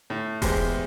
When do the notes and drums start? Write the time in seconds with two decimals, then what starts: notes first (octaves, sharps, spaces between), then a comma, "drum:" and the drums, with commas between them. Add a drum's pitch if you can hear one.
0.10 A2
0.42 E2 G#3 G4 B4 C5, drum: kick E1, open hi-hat